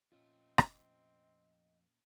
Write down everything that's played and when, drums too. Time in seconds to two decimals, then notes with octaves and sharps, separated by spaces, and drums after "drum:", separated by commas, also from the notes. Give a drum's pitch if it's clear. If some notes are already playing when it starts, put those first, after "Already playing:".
0.12 F2 A#2 A3 C4 C#4 F4 D#5
0.58 drum: rim click